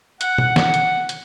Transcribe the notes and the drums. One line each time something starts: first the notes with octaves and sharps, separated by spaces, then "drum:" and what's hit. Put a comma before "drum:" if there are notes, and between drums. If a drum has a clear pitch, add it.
F#5, drum: hi-hat
drum: tom B2
drum: snare
drum: hi-hat
drum: hi-hat